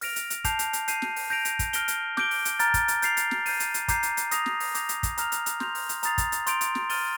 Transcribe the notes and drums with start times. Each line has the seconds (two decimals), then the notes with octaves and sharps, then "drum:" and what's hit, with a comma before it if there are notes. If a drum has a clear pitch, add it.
0.01 F6 A#6 D7 F7, drum: open hi-hat
0.16 drum: hi-hat
0.30 drum: hi-hat
0.44 A5 D6 G6 C7 F7, drum: kick, hi-hat
0.59 drum: hi-hat
0.73 drum: hi-hat
0.88 G6 C7 D#7, drum: hi-hat
1.02 drum: snare
1.16 drum: open hi-hat
1.30 G6 A#6 D7 F7
1.45 drum: hi-hat
1.59 drum: kick, hi-hat
1.73 F6 A#6 D7 G7, drum: hi-hat
1.88 drum: hi-hat
2.17 D6 G6 D7 G7, drum: snare
2.31 drum: open hi-hat
2.45 drum: hi-hat
2.59 A#5 F6 A6, drum: hi-hat
2.74 drum: kick, hi-hat
2.88 drum: hi-hat
3.02 G6 C7 F7, drum: hi-hat
3.17 drum: hi-hat
3.31 drum: snare
3.46 G6 C7 D#7, drum: open hi-hat
3.60 drum: hi-hat
3.74 drum: hi-hat
3.88 A#5 D6 G6 C7, drum: kick, hi-hat
4.03 drum: hi-hat
4.17 drum: hi-hat
4.31 D#6 A#6 F7, drum: hi-hat
4.46 drum: snare
4.60 drum: open hi-hat
4.75 D6 G6 A#6 F7, drum: hi-hat
4.89 drum: hi-hat
5.03 drum: kick, hi-hat
5.18 A#5 F6 A#6 F7, drum: hi-hat
5.32 drum: hi-hat
5.46 drum: hi-hat
5.60 C6 G6 A#6 F7, drum: snare
5.75 drum: open hi-hat
5.89 drum: hi-hat
6.03 A#5 D#6 A6 C7 F7, drum: hi-hat
6.18 drum: kick, hi-hat
6.32 drum: hi-hat
6.47 C6 G6 D7 F7, drum: hi-hat
6.61 drum: hi-hat
6.75 drum: snare
6.90 F6 A6 D#7 G7, drum: open hi-hat